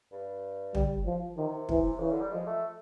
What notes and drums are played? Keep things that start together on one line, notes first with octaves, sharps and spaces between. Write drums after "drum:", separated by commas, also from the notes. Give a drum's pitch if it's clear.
G2
G3, drum: tom
F3
C3 D#3
E3, drum: kick
C#3 E3
D3
G3
F3 G#3
A3